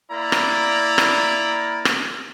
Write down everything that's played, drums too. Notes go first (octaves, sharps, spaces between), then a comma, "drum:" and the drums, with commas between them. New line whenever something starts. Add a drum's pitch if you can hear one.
A#3 E4 D5 A#5 B5
drum: rim click
drum: rim click
drum: rim click